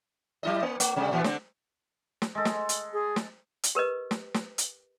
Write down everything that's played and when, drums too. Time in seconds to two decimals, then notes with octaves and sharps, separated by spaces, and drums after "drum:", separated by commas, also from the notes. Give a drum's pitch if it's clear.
0.43 F#3 E4 D#5
0.63 A#3
0.80 A3, drum: hi-hat
0.96 C3 G3 A3
1.11 A#2 E3 B3
1.24 D3 C4, drum: snare
2.22 drum: snare
2.35 G#3 A4
2.45 drum: snare
2.69 drum: hi-hat
2.93 G#4
3.16 drum: snare
3.63 drum: hi-hat
3.75 G4 A#4 B4 D#5
4.11 drum: snare
4.34 drum: snare
4.58 drum: hi-hat